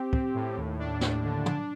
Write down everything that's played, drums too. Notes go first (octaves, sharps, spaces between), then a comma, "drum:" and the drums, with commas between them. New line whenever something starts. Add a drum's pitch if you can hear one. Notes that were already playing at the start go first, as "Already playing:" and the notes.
Already playing: C4 G4
C4, drum: kick
A2
D#2
D4
D#2, drum: snare
D3
D4, drum: tom